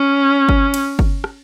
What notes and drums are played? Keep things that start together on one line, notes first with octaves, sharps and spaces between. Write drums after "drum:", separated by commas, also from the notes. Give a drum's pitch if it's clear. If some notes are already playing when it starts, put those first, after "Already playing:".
Already playing: C#4
drum: kick G1
drum: cymbal
drum: kick G1
drum: rim click